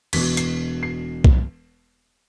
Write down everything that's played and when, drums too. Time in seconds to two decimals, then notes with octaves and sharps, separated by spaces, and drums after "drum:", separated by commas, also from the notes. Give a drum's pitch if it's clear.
0.13 E1 E2 B2 B6, drum: cymbal
0.37 C7, drum: hi-hat
0.83 C7
1.24 drum: kick B1